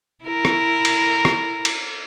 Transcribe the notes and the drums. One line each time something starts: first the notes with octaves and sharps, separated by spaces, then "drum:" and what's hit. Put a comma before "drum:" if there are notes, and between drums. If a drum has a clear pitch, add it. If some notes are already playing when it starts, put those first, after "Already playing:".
E4 A#4
drum: rim click
drum: cymbal
drum: rim click
drum: cymbal